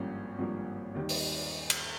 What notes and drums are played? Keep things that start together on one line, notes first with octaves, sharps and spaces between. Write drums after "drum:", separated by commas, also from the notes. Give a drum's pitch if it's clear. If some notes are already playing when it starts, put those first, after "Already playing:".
Already playing: G#1 G2 F3 A#3 C#4
G#1 G2 F3 A#3
D#2 D#3 G3
drum: open hi-hat
drum: cymbal